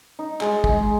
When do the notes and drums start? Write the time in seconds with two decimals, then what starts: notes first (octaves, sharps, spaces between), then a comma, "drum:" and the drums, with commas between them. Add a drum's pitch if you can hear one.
0.19 D#4
0.41 G#3, drum: clap
0.64 G#3, drum: kick